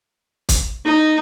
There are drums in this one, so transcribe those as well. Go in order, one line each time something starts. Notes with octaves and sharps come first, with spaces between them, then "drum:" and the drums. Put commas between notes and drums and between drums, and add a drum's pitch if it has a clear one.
drum: kick, hi-hat
D#4